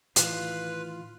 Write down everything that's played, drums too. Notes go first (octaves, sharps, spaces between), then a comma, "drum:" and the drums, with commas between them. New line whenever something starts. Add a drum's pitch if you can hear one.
A2 D#3 E3 F4 B4, drum: hi-hat